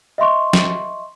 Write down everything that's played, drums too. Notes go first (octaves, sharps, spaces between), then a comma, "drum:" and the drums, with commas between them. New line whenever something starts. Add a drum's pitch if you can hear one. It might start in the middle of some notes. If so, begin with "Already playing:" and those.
D#5 E5 C6 C#6
drum: snare